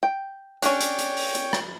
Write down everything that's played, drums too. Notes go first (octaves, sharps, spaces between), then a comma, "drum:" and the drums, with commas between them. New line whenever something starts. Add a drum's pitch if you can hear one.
G5
C#4 D4 C#5 G5, drum: hi-hat
drum: hi-hat
drum: hi-hat
drum: open hi-hat
drum: hi-hat
drum: rim click